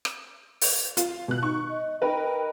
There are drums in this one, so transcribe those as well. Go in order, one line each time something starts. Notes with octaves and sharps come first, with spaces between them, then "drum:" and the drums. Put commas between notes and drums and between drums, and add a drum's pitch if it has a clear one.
drum: rim click
drum: open hi-hat
F4, drum: hi-hat
B2 F#6
D#4 C#6
D#5
D#4 A#4 B4 G5